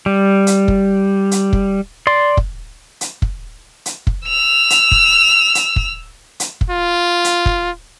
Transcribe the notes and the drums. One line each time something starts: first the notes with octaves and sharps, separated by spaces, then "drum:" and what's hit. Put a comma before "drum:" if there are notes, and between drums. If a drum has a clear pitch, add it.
G3
drum: hi-hat
drum: kick
drum: hi-hat
drum: kick
D5 C6
drum: kick
drum: hi-hat
drum: kick
drum: hi-hat
drum: kick
E6 F7
drum: hi-hat
drum: kick
drum: hi-hat
drum: kick
drum: hi-hat
drum: kick
F4
drum: hi-hat
drum: kick